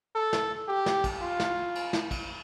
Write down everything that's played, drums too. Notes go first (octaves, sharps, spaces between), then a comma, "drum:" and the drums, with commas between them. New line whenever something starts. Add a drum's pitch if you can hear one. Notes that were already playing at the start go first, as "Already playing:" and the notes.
A4
drum: snare
G4
drum: snare
drum: kick, cymbal
F4
drum: snare
drum: cymbal
drum: snare
drum: kick, cymbal